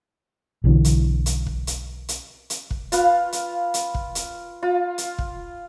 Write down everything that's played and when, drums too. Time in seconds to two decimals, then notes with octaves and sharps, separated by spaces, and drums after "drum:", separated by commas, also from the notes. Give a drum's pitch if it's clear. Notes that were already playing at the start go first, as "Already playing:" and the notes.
0.64 B1 D3 E3
0.85 drum: hi-hat
1.26 drum: hi-hat
1.47 drum: kick
1.67 drum: hi-hat
2.09 drum: hi-hat
2.50 drum: hi-hat
2.71 drum: kick
2.92 F4 B4 F5, drum: hi-hat
3.33 drum: hi-hat
3.74 drum: hi-hat
3.94 drum: kick
4.15 drum: hi-hat
4.63 F4
4.98 drum: hi-hat
5.18 drum: kick